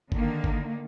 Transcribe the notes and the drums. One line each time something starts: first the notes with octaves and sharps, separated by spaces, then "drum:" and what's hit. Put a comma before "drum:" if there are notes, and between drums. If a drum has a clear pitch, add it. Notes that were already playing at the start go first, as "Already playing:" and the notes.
D3 D#3 A#3, drum: kick
drum: kick